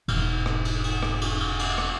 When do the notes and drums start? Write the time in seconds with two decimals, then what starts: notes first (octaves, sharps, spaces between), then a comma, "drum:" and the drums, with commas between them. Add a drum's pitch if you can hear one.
0.08 E1 G#2, drum: cymbal
0.46 drum: rim click
0.65 drum: cymbal
0.84 drum: cymbal
1.03 drum: rim click
1.21 drum: cymbal
1.40 drum: cymbal
1.59 drum: cymbal
1.78 drum: rim click